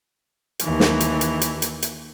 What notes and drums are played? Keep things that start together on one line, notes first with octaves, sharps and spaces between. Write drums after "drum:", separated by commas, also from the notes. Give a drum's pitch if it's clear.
D#2 E3, drum: hi-hat
drum: snare
drum: hi-hat
drum: hi-hat
drum: hi-hat
drum: hi-hat
drum: hi-hat